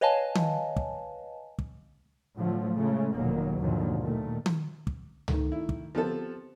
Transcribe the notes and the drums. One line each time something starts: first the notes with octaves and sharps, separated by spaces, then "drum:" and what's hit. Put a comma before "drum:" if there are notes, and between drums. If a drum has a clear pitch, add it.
B4 C#5 D#5 F5 G#5 A5
drum: tom D#3
drum: kick
drum: kick
A2 D3 F3 F#3 A3
C#3 G#3 A3
F1 B2 D#3 F#3 A#3
D#2 G#2 B2 D3 F3 F#3
A#2 D#3 A3
drum: tom D#3
drum: kick
D#3 A3, drum: tom C#2
E4
drum: kick
F3 B3 C4 G4 A4